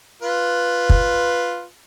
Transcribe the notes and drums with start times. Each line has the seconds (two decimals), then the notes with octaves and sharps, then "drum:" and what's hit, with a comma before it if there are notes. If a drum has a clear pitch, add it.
0.22 F4 B4
0.90 drum: kick